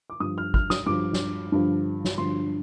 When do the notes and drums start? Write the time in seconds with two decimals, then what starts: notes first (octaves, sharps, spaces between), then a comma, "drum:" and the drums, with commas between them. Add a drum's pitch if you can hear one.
0.10 D6
0.20 G2 F3 D#6
0.38 F6
0.54 F6, drum: kick
0.70 D#6, drum: snare
0.86 G2 F3 D6
1.13 drum: snare
1.52 G2 D3 F3
2.05 drum: snare
2.17 G2 D3 F3 C6